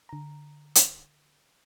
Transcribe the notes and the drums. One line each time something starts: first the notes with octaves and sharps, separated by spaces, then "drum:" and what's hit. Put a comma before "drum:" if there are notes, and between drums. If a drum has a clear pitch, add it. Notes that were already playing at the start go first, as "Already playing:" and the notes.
D3 A#5
drum: hi-hat